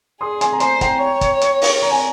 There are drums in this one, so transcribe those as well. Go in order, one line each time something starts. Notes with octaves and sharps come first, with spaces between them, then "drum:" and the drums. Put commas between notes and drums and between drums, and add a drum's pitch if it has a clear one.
G#4 C6 D#6
G#5 C6, drum: hi-hat
A#5
C5 G#5 C6, drum: hi-hat
G5 A#5, drum: kick, hi-hat
C#5
drum: kick, hi-hat
drum: hi-hat
drum: open hi-hat
A#5
G#5